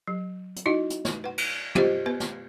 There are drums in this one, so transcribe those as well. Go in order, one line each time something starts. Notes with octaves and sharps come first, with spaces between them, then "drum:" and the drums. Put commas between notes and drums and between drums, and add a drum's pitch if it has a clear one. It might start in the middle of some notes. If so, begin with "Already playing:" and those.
F#3
drum: hi-hat
D#4 E4 F#4 D#5
drum: hi-hat
drum: snare
B4 F#5
drum: cymbal
F4 G4 C5 D#5, drum: tom
B3 B4
drum: snare